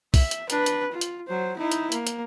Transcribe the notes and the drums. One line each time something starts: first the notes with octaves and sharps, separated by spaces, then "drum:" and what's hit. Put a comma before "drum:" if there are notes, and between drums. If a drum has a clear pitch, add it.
E5, drum: kick, open hi-hat
drum: hi-hat
D4 B4, drum: hi-hat
drum: hi-hat
F4
drum: hi-hat
F#3 C5
D#4 E4
drum: hi-hat
A#3, drum: hi-hat
drum: hi-hat